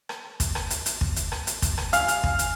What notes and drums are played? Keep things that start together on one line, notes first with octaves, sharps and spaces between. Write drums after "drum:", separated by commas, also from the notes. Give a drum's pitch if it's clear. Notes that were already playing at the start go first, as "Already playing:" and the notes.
drum: rim click
drum: kick, hi-hat
drum: rim click
drum: hi-hat
drum: hi-hat
drum: kick
drum: hi-hat
drum: rim click
drum: hi-hat
drum: kick, hi-hat
drum: rim click
F5 G#5, drum: hi-hat
drum: hi-hat
drum: kick
drum: hi-hat